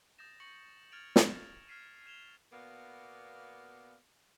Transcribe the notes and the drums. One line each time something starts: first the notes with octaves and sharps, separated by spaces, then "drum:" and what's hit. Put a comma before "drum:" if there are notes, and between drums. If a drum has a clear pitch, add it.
D#6 G6 A6 A#6 E7
C#6 A#6 C#7 F#7
F6 G#6 A6 D7 F7
E7, drum: snare
F6 G#6 B6 C7 D#7
G#6 E7 F7 G7
B2 A#3 B3 D5 F5